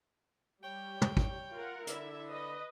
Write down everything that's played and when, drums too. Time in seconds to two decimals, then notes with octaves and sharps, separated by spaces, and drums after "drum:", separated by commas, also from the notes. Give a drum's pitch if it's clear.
0.64 G3 C#5 G5
1.01 drum: tom
1.17 drum: kick
1.52 F4 A#4 F#5
1.87 D3 E4 E5, drum: hi-hat
2.29 B4 D#5